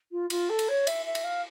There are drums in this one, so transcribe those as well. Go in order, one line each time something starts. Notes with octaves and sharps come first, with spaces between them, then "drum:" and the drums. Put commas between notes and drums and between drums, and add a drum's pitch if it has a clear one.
F4
F4, drum: cymbal
A4
drum: cymbal
C#5
E5, drum: cymbal
E5
drum: cymbal
F5